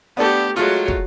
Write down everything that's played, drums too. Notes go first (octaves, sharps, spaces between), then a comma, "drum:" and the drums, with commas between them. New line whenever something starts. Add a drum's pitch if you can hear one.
A3 B3 D4 G4 A4
F#3 G#3 A3 F4 F#4
drum: kick